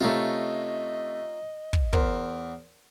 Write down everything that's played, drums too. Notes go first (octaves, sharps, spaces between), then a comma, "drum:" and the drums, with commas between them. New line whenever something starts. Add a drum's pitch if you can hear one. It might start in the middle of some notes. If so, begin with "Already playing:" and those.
C3 A3 C#4 D#4 F4 D#5
drum: kick
E2 A#4 C5, drum: kick